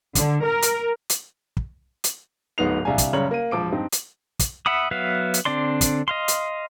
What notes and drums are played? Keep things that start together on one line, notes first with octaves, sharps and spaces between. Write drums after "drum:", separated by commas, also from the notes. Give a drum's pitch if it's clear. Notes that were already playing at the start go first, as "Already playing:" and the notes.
D3, drum: kick, hi-hat
A#4
drum: hi-hat
drum: hi-hat
drum: kick
drum: hi-hat
D1 G#2 B3 D#4 C7 F7
C2 D4 F5 G#5
drum: kick, hi-hat
F#1 C#3 G3 C#5 A#5 F#7
A#3 D#7
E1 F3 D6 D7
G2 C4 D#4
drum: hi-hat
drum: kick, hi-hat
E5 F#5 B5 D#6
F#3 B3 B4 E5 F5
drum: hi-hat
D3 C4 D4 D5 C6
drum: kick, hi-hat
D#5 F5 C6
drum: hi-hat